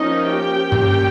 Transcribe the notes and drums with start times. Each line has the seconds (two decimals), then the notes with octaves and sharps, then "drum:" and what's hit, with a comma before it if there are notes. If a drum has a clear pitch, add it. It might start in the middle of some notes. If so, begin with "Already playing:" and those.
Already playing: F3 A#3 C#4 D#4 D#5
0.31 G4 G5
0.72 G3 A#3 C#4, drum: tom G2